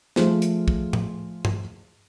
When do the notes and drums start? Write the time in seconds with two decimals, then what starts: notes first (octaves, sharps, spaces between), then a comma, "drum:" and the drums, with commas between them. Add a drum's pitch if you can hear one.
0.16 F3 A3 F4 G#4 C5, drum: snare
0.42 drum: hi-hat
0.68 drum: kick
0.93 drum: tom A2
1.45 drum: tom G2